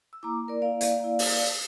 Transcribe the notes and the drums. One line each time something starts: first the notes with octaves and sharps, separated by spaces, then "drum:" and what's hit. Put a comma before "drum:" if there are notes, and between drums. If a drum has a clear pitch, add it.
E6
A#3 E4 A#5 D6
A#4 D5
A#3 E4 D5 F5
drum: hi-hat
A#3 E4
drum: open hi-hat